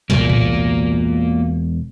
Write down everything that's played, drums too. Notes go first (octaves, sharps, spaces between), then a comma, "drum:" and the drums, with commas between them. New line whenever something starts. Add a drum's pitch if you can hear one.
E1 C2 A#2 A#3 F4, drum: snare
drum: tom A2